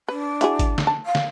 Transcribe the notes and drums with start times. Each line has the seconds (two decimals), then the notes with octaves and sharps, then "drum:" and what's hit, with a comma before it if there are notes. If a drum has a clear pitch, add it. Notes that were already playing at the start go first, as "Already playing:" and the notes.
0.08 D4 B4
0.41 E4 F#4 G#4, drum: hi-hat
0.59 drum: kick G#1, hi-hat
0.78 drum: snare
0.87 A5
1.06 F5
1.15 drum: snare